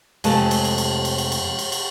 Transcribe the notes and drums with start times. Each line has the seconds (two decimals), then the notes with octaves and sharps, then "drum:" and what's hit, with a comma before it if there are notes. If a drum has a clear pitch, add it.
0.24 F2 C3 G#3 A3 F5 A5, drum: cymbal
0.51 drum: cymbal
0.64 drum: cymbal
0.78 drum: cymbal
1.05 drum: cymbal
1.18 drum: cymbal
1.32 drum: cymbal
1.59 drum: cymbal
1.72 drum: cymbal